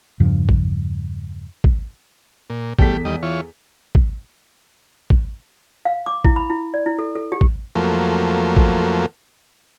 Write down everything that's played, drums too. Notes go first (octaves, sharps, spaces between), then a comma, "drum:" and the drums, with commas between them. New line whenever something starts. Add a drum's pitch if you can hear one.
E2 G2 C#3 F3
drum: kick
drum: kick
A#2
E2 G3 A3 G4 A4 B6, drum: kick
D#2 G3 D#5
E3 F4 C#5
drum: kick
drum: kick
F5
D6
E4, drum: kick
B5
E4
D5
E4
A4
A4
G4
drum: kick
F2 F3 F#3 A3 A#3
drum: kick